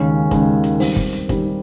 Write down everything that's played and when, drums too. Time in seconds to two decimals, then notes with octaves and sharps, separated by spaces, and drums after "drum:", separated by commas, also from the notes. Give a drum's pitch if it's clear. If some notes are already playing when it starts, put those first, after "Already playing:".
Already playing: D#2 C#3 G#3 C#4
0.31 D#2 C#3 G#3 C#4, drum: kick, hi-hat
0.64 drum: hi-hat
0.80 D#3 G3 C4, drum: open hi-hat
0.96 drum: kick
1.13 drum: hi-hat
1.29 D#3 G3 C4, drum: kick, hi-hat